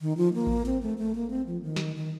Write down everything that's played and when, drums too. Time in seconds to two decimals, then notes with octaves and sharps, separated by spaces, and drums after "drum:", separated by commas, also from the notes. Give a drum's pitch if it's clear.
0.01 D#3
0.17 F3
0.34 A#3
0.47 drum: kick A1
0.66 C4
0.82 A3
0.98 A3
1.15 A#3
1.30 C4
1.46 F3
1.63 D#3
1.76 drum: snare
1.96 D#3